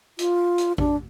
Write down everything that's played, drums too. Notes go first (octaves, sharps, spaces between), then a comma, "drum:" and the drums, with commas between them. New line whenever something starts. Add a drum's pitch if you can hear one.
F4, drum: hi-hat
drum: hi-hat
D4, drum: kick A1